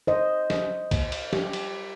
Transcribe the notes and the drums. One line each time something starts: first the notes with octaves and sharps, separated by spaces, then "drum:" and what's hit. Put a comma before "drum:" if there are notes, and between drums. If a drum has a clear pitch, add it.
C5 D#5
drum: snare
drum: kick, cymbal
drum: cymbal
G4, drum: snare
drum: cymbal